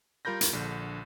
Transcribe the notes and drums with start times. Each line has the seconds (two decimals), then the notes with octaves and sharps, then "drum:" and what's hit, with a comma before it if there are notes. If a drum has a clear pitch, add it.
0.25 G3 F4 A#4 B5 G6 A#6
0.41 drum: hi-hat
0.53 A#1 D3